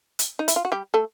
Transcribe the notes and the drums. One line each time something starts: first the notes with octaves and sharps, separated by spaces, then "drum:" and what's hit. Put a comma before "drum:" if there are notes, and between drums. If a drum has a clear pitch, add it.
drum: hi-hat
D#4
E4, drum: hi-hat
F4
F#4
G3 G4
A3 A4